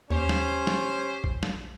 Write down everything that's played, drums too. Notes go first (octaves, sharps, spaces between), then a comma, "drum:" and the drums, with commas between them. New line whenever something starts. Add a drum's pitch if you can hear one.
D#2 C#4 G4 C5
drum: snare
drum: snare
drum: kick A#1
drum: snare